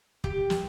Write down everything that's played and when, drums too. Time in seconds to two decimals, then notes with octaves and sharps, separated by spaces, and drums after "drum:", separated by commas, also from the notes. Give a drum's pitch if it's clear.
0.24 G4, drum: kick
0.50 drum: snare